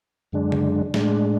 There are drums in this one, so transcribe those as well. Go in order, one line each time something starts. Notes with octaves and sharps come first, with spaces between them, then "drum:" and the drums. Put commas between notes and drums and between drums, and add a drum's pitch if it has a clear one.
F#2 D3 G#3 D4
drum: tom C#3
A2 G#3 D4, drum: snare